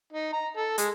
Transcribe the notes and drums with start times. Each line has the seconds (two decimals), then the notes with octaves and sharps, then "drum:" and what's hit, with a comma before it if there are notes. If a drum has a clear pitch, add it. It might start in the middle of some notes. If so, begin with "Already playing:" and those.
0.13 D#4
0.33 A#5
0.57 A4
0.78 G#3, drum: hi-hat